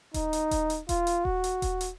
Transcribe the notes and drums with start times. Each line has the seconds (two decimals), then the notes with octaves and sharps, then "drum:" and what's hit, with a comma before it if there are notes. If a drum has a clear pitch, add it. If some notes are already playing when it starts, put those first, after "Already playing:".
0.14 D#4, drum: kick D#1, hi-hat
0.33 drum: hi-hat
0.51 drum: kick D#1, hi-hat
0.70 drum: hi-hat
0.89 F4, drum: kick D#1, hi-hat
1.07 drum: hi-hat
1.25 F#4, drum: kick D#1
1.44 drum: hi-hat
1.62 drum: kick D#1, hi-hat
1.81 drum: hi-hat